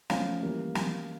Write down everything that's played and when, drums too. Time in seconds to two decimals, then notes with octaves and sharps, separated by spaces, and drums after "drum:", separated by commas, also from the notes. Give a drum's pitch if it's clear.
0.10 F3 A3 C#4 F5, drum: snare
0.43 E3 G3 A#3
0.75 drum: snare